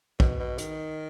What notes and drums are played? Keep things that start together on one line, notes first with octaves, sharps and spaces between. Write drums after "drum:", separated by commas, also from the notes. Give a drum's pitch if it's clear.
B2, drum: kick
B2
D#3, drum: hi-hat